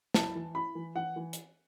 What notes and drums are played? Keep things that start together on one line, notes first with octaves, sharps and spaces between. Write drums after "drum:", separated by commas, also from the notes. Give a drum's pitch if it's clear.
E4 A5, drum: snare
E3
E4 B5
E3
E3 F#5
E3
drum: hi-hat